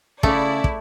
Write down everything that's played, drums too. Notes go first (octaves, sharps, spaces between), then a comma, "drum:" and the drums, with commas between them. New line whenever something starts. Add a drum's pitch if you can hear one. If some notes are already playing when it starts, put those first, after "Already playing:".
C#3 A3 E4 D5, drum: kick
drum: kick